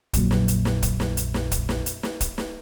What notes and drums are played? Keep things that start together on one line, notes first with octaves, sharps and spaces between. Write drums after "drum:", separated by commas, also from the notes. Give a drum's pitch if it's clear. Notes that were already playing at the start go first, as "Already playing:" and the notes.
A#1 F2 A#2 F#3, drum: kick, hi-hat
drum: snare
drum: hi-hat
drum: snare
drum: kick, hi-hat
drum: snare
drum: hi-hat
drum: snare
drum: kick, hi-hat
drum: snare
drum: hi-hat
drum: snare
drum: kick, hi-hat
drum: snare